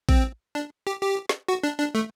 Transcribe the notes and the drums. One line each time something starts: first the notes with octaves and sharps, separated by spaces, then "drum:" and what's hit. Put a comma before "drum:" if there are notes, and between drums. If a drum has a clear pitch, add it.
C4, drum: kick
D4
G4
G4
drum: snare
F#4
D4
D4
A3